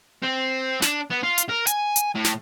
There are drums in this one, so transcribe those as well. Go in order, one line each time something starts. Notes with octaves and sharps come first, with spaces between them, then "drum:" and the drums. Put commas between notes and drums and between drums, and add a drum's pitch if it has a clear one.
C4
D4, drum: snare
B3
F4
drum: hi-hat
A#4
G#5, drum: hi-hat
drum: hi-hat
A2
drum: snare